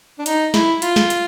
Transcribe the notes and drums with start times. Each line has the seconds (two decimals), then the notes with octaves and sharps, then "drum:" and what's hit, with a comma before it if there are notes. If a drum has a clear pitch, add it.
0.19 D4
0.26 D#4, drum: hi-hat
0.54 E4, drum: snare
0.82 F4, drum: hi-hat
0.96 drum: snare
1.10 drum: hi-hat